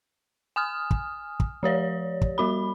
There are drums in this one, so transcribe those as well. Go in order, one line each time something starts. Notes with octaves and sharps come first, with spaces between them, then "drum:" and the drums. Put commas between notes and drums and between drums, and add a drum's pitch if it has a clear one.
G#5 D#6 F6
drum: kick
drum: kick
F3 G4 C#5 D5
drum: kick
G3 F#4 B5